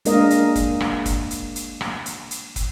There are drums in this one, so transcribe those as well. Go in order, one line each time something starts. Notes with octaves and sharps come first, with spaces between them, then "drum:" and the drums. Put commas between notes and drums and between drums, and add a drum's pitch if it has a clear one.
G#3 A#3 D4 A#4 D#5 F5, drum: hi-hat
drum: hi-hat
drum: kick, hi-hat
drum: rim click
drum: kick, hi-hat
drum: hi-hat
drum: hi-hat
drum: rim click
drum: hi-hat
drum: hi-hat
drum: kick, hi-hat